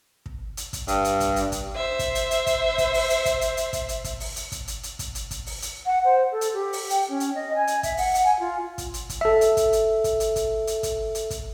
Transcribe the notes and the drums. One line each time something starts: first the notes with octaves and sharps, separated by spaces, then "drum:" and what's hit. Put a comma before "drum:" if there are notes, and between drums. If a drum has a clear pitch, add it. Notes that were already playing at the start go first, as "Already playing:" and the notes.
drum: kick
drum: hi-hat
drum: kick, hi-hat
G2, drum: hi-hat
drum: hi-hat
drum: kick, hi-hat
drum: hi-hat
drum: kick, hi-hat
C5 E5
drum: kick, hi-hat
drum: hi-hat
drum: hi-hat
drum: kick, hi-hat
drum: kick, hi-hat
drum: open hi-hat
drum: hi-hat
drum: kick, hi-hat
drum: hi-hat
drum: hi-hat
drum: kick, hi-hat
drum: hi-hat
drum: kick, hi-hat
drum: open hi-hat
drum: hi-hat
drum: kick, hi-hat
drum: hi-hat
drum: hi-hat
drum: kick, hi-hat
drum: hi-hat
drum: kick, hi-hat
drum: open hi-hat
drum: hi-hat
F#5
C5
A4
drum: hi-hat
G4
drum: open hi-hat
G5, drum: hi-hat
C#4
drum: hi-hat
D#5
G#5
drum: hi-hat
E5, drum: kick, hi-hat
F#5, drum: open hi-hat
drum: hi-hat
G#5
F4
drum: kick, hi-hat
drum: hi-hat
drum: kick, hi-hat
A4 E5
drum: hi-hat
drum: kick, hi-hat
drum: hi-hat
drum: kick, hi-hat
drum: hi-hat
drum: kick, hi-hat
drum: hi-hat
drum: kick, hi-hat
drum: hi-hat
drum: kick, hi-hat